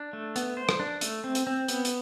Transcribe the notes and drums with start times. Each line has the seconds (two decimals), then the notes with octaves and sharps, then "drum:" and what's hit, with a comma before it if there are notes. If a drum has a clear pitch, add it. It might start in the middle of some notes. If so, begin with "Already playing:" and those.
Already playing: D4
0.13 A3
0.36 B3, drum: hi-hat
0.57 C5
0.69 drum: rim click
0.80 D4
1.01 A3, drum: hi-hat
1.24 C4
1.35 drum: hi-hat
1.47 C4
1.68 B3, drum: hi-hat
1.85 drum: hi-hat